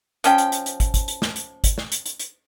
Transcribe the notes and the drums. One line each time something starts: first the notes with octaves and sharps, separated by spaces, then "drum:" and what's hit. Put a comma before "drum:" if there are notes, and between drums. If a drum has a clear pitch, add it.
F3 C#4 G5, drum: hi-hat
drum: hi-hat
drum: hi-hat
drum: hi-hat
drum: kick, hi-hat
drum: kick, hi-hat
drum: hi-hat
drum: snare
drum: hi-hat
drum: kick, hi-hat
drum: snare
drum: hi-hat
drum: hi-hat
drum: hi-hat